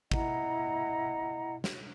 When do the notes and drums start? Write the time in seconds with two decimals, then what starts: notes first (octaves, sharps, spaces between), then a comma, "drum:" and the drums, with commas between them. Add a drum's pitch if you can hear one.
0.11 E4 D#5 F#5 A#5, drum: kick
1.64 drum: snare